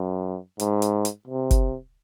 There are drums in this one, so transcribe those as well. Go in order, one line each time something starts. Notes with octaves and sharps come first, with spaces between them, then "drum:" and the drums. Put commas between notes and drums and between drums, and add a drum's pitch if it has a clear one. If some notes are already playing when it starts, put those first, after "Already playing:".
Already playing: F#2
G#2, drum: hi-hat
drum: hi-hat
drum: hi-hat
C3
drum: kick F#1, hi-hat